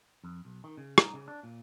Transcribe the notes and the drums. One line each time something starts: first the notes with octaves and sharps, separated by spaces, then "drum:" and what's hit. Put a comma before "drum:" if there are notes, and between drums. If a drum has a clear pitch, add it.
F2
B1
D#3
C#3
D#4, drum: rim click
C#3
D4
A#2